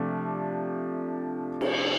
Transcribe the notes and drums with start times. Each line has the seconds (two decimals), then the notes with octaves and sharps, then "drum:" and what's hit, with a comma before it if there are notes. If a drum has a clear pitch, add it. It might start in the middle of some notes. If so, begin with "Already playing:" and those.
Already playing: C3 F3 A3 D4
1.61 drum: cymbal